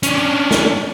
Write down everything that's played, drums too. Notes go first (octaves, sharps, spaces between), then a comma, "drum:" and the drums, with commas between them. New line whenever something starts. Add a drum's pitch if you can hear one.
C#4 D4, drum: hi-hat
drum: snare